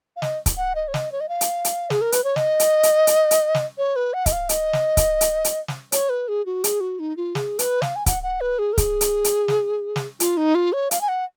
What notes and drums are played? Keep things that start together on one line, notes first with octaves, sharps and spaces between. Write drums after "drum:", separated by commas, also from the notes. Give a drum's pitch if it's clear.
F5
D#5, drum: snare
drum: kick C#1, hi-hat
F#5
D#5
C#5
D#5, drum: snare
C#5
D#5
F5
drum: hi-hat
drum: hi-hat
G#4, drum: snare
A#4
B4, drum: hi-hat
C#5
D#5, drum: snare
drum: hi-hat
drum: hi-hat
drum: hi-hat
drum: hi-hat
drum: snare
C#5
B4
F#5
D#5, drum: kick C#1, hi-hat
F5
D#5, drum: hi-hat
drum: snare
drum: kick C#1, hi-hat
drum: hi-hat
drum: hi-hat
drum: snare
C#5, drum: hi-hat
B4
G#4
F#4
G#4, drum: hi-hat
F#4
D#4
F4
G#4, drum: snare
B4, drum: hi-hat
F5, drum: snare
G#5
F#5, drum: kick C#1, hi-hat
F#5
B4
G#4
A#4
G#4, drum: kick C#1, hi-hat
drum: hi-hat
drum: hi-hat
drum: snare
drum: snare
F4, drum: hi-hat
D#4
F4
C#5
F5, drum: hi-hat
G#5
F#5